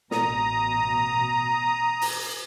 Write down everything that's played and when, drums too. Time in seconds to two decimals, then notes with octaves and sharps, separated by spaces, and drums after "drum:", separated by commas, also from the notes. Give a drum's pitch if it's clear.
0.11 A1 B2 A#5 D#6, drum: snare
2.01 drum: open hi-hat